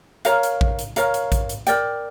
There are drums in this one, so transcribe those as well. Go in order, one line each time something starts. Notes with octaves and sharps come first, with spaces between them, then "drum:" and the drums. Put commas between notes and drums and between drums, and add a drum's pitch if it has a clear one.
A#4 C#5 F5 A#5, drum: hi-hat
drum: hi-hat
drum: kick A1
drum: hi-hat
A#4 C#5 F5 A#5, drum: hi-hat
drum: hi-hat
drum: kick A1, hi-hat
drum: hi-hat
A#4 D5 G5, drum: hi-hat